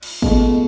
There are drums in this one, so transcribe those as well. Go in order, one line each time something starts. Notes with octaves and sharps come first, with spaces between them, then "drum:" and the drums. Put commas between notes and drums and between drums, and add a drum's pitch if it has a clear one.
drum: cymbal
C#2 B2 A3, drum: kick G#1